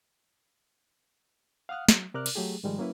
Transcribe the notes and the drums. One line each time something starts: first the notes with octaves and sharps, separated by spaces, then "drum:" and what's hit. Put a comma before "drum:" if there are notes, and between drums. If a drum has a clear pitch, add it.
F5 F#5 D#6 F6 F#6
F#3, drum: snare
C3 A#4 D5 D6 F6 F#6
drum: cymbal
F#3 A3 G4 G#4
G#2 D#3 F3 G3 G#3
F#3 A#3 C#4 E4 B4